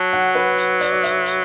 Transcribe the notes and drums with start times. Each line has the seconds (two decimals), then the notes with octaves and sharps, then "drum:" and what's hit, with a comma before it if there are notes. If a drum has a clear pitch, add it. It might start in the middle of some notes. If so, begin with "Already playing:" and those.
Already playing: F#3 A5
0.13 F#5
0.35 B4
0.58 drum: hi-hat
0.81 D5, drum: hi-hat
0.93 D5
1.04 E5, drum: hi-hat
1.26 drum: hi-hat